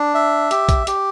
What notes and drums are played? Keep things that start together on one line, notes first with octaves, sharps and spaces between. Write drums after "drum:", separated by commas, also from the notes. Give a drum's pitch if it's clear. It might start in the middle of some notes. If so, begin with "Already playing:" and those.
Already playing: D4
E5
G4, drum: hi-hat
drum: kick B1, hi-hat
G4, drum: hi-hat